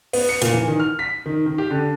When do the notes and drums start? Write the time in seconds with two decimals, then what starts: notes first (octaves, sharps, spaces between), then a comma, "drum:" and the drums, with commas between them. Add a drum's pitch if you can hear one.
0.13 B3, drum: open hi-hat
0.29 C#7
0.42 A#2, drum: hi-hat
0.53 E3
0.68 D#3
0.80 F6
0.99 B6
1.26 D#3
1.46 D#3
1.58 G4
1.70 D3